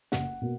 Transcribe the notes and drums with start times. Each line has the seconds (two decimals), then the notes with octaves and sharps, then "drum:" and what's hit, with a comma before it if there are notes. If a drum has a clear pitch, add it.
0.12 F#1 F#5, drum: snare
0.41 B2 A#3